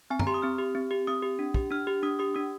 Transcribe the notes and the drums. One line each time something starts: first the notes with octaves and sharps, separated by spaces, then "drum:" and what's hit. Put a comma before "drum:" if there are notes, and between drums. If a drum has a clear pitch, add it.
C4 G#5
A#5, drum: tom F#2
G4 C6
D#6
C4 F6
G4
C4
G4
C4 D#6
G4
D4
G4, drum: kick
D4 F6
G4
D4 D#6
G4 D#6
D4 D#6